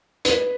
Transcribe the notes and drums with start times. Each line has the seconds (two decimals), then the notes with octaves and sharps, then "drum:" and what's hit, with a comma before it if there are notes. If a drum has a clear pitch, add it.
0.25 B4, drum: hi-hat